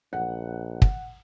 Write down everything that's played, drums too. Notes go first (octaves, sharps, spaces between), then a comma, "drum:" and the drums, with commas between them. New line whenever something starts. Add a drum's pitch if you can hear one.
A#1 F#5
drum: kick